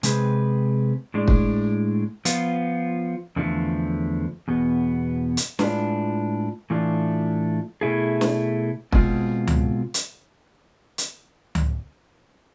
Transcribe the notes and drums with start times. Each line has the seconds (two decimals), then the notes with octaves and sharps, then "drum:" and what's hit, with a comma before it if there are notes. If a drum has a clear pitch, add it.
0.03 C3 G#3 C4 G#4 B4, drum: hi-hat
1.14 A2 G#3 D4
1.28 drum: kick
2.25 F3 B3 F4, drum: hi-hat
3.36 E2 D3 F3 A3
4.48 E2 B2 B3
5.37 drum: hi-hat
5.59 A2 G#3 D4 F4 B4, drum: snare
6.70 A2 E3 A3 D4 F4
7.81 B2 A3 E4 G#4
8.21 drum: snare
8.92 B2 G#3 C4 F4, drum: kick
9.47 drum: tom C#2
9.94 drum: hi-hat
10.98 drum: hi-hat
11.55 drum: tom C#2